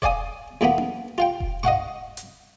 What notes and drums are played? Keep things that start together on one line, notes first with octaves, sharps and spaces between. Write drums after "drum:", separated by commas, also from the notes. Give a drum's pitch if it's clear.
C#5 D5 F5 G#5 D#6, drum: kick E1
E2 E3 A#3 B3 B5
drum: tom C#4
F4 F5 G5
drum: kick E1
D#5 F5 F#5 C#6, drum: tom G2
drum: hi-hat